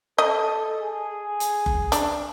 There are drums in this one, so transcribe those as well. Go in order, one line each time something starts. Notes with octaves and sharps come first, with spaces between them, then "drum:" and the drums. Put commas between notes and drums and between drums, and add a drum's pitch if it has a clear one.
A4 D#5
G#4
drum: hi-hat
drum: kick F#1
D4, drum: hi-hat